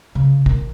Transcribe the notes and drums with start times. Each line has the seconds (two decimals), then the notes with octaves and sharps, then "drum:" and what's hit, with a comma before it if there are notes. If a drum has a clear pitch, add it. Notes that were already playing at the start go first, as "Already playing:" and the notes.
0.15 C#3
0.46 D#3, drum: kick